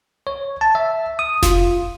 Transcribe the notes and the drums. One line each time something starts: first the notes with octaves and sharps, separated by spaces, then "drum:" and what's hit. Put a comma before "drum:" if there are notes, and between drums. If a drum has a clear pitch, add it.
C#5
A5
E5
D#6
F4, drum: snare F1